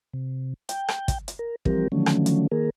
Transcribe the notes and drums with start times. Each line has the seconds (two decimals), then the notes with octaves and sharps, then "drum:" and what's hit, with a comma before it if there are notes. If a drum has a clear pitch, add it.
0.13 C3
0.69 G5, drum: hi-hat
0.88 drum: rim click
1.08 drum: kick, hi-hat
1.28 drum: hi-hat
1.39 A#4
1.65 E3 F3 G3 C4 G4 A#4, drum: kick
1.92 D3 D#3 F3 F#3 A3 C#4
2.06 drum: rim click
2.26 drum: hi-hat
2.51 D#3 A#3 G#4 A#4